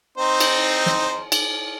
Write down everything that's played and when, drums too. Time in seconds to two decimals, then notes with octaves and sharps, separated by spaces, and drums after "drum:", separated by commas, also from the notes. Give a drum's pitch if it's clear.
0.18 C4 D#4 C5
0.40 drum: cymbal
0.86 drum: snare
1.32 drum: cymbal